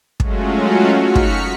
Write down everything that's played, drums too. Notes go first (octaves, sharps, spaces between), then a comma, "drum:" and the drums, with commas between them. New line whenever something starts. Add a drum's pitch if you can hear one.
F#3 G#3 A3 C#4 F4 F#4, drum: kick
D#4 F#4 F6 B6 C#7
drum: kick